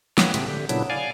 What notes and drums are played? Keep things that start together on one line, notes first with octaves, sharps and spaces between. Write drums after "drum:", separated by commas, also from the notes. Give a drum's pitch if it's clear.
A#3 B3 B4 C#5 F#5 G5, drum: snare
A2 C#3 A3 B3 C4 G4, drum: hi-hat
D3 G4
A#2 C#3 F#3 B3 D4 E4, drum: hi-hat
D5 F5 G#5